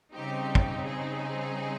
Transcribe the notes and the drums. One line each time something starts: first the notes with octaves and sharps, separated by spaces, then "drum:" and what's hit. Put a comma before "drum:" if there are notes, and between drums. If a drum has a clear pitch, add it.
C#3 G3 C4 D#4 G4
drum: kick
G#4